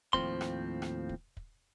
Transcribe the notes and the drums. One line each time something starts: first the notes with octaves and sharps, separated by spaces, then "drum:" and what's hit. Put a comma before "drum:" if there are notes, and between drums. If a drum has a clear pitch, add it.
D#2 A2 F3 C4 C6, drum: kick
drum: rim click
drum: rim click
drum: kick
drum: kick